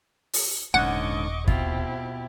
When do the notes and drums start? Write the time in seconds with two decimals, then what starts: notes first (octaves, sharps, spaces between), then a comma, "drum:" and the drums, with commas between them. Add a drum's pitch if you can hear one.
0.33 drum: open hi-hat
0.74 D#1 G#2 D3 C#4 D#5 F#5 C#6 D6
1.48 B2 C4 E4 F4 G4, drum: kick